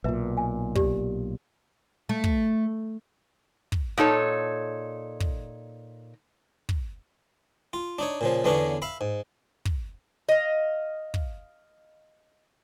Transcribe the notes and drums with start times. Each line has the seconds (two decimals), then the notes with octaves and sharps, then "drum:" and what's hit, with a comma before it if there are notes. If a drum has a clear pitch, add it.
0.04 B1 A#2 B4 E5 A#5
0.37 G#5
0.75 G4 D5, drum: kick
2.09 A3
2.24 drum: kick
3.72 drum: kick
3.98 A#2 D#4 A4 C#5
5.20 drum: kick
6.69 drum: kick
7.73 F4
7.99 D4 D#4 C#5
8.21 A#2 C#3 F3
8.44 E2 D3 B3 C#4 D4 C#5
8.82 E5 F5 B5
9.01 G#2
9.65 drum: kick
10.29 D#5 F5
11.14 drum: kick